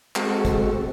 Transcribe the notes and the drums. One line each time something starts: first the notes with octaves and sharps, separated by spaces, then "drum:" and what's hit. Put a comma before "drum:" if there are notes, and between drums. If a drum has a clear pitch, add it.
G#3 C4 F#4 A4, drum: clap
drum: kick, hi-hat